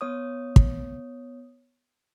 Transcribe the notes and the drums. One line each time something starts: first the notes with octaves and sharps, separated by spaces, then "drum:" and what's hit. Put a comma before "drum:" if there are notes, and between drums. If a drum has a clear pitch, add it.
B3 C#5 D#6
drum: kick